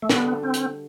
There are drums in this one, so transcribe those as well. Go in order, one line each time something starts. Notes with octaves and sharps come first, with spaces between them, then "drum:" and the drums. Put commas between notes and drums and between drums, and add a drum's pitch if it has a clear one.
A3
D3 G3 B3 D4 F#4, drum: snare
C4
drum: hi-hat